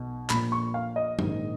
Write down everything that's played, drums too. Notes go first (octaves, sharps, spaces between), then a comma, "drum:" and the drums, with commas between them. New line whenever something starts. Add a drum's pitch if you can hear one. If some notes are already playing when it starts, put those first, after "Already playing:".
Already playing: B1 B2
A#1 A#2 B5, drum: clap
C#6
F5
D#5
A#1 G#2 D#3, drum: tom